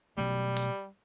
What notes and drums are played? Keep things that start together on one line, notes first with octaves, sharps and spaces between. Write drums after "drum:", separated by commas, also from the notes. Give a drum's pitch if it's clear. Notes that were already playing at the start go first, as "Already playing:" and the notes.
B2 F#3 G3 A3
drum: hi-hat